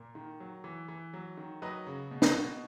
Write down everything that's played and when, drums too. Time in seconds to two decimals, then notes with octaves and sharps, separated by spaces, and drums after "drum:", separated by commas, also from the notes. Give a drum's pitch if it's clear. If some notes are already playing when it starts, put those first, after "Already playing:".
Already playing: A#2 A#4
0.15 D#3
0.40 F#3
0.64 E3
0.88 E3
1.13 F#3
1.37 D#3
1.62 F#3 B4 D#5
1.87 C#3
2.11 B2
2.22 drum: snare
2.35 B2